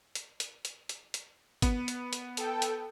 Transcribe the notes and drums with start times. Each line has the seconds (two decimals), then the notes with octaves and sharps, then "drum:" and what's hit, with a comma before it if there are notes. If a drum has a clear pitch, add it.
0.15 drum: hi-hat
0.40 drum: hi-hat
0.65 drum: hi-hat
0.89 drum: hi-hat
1.14 drum: hi-hat
1.62 B3, drum: kick G1, hi-hat
1.88 drum: hi-hat
2.13 drum: hi-hat
2.37 A4 G5, drum: hi-hat
2.62 drum: hi-hat